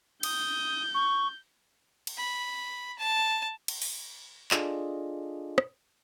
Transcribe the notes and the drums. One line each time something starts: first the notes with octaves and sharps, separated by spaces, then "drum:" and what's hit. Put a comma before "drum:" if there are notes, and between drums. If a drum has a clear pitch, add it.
D#6 G6, drum: cymbal
C#6
drum: cymbal
B5
A5
drum: cymbal
drum: open hi-hat
D4 F4 G#4 A4 D5 D#5, drum: clap
drum: rim click